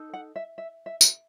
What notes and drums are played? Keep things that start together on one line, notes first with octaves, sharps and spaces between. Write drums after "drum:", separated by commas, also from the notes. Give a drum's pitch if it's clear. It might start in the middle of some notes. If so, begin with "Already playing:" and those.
Already playing: D#4 A4
F#5
E5
E5
E5
drum: tambourine